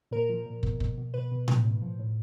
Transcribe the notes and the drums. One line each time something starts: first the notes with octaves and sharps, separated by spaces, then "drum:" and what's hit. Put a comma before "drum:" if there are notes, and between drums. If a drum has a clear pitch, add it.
A#2 A#4
F3
A#2
B2, drum: kick
B2, drum: kick
B2
B2 B4
B2
B2, drum: tom A2
A2
F3
A2